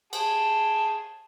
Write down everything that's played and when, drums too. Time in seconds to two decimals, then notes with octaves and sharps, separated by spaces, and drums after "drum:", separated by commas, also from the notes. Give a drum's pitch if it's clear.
0.13 G#4 G5 A5, drum: cymbal